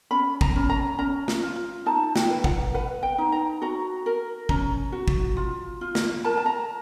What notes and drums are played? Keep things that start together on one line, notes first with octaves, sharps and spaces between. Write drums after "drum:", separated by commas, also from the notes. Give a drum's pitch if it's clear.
C#4 B5
A#5, drum: kick
C#4
A#5
C#4 A#5
drum: snare
F4
D#4 A5
G5, drum: snare
B4
F#5, drum: kick
B4 F#5
G5
D#4
A#5
F#4 A#5
A#4
C#4 A#5, drum: kick
F#4
drum: kick
F4
F4
drum: snare
A#4 A5
A5
A#5